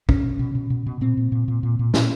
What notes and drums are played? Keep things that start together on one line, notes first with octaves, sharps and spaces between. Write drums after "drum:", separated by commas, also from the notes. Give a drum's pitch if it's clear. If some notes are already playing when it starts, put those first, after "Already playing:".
B2 C#4, drum: kick
B2
B2
B2
B2
B2
A#2 C4
A#2
A#2
A#2
A#2
A#2
A#2 C#4, drum: snare